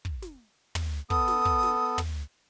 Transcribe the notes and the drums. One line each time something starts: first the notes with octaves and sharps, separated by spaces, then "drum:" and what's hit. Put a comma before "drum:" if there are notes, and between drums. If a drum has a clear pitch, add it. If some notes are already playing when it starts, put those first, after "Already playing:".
drum: kick
drum: snare
drum: tom
B3 A4 D#6, drum: kick
drum: snare
drum: kick
drum: snare
drum: tom